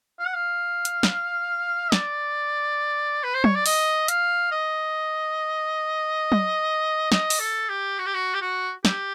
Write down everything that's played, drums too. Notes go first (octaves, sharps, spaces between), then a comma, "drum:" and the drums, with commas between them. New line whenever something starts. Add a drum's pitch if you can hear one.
F5
F#5
F5
drum: hi-hat
drum: snare
D5, drum: snare
B4
C5
C#5, drum: tom
D5
D#5, drum: open hi-hat
F5, drum: hi-hat
D#5
drum: tom
D#5, drum: snare
drum: open hi-hat
A4
G4
F#4
G4
F#4
G4
F#4
G4, drum: snare